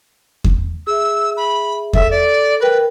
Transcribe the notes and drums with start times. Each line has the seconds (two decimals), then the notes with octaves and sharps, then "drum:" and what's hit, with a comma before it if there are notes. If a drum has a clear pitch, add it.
0.44 drum: kick E2
0.87 G#4 E5 E6
1.37 B5
1.93 A4 E5, drum: kick E2
2.11 D5
2.60 A#4 B4 G5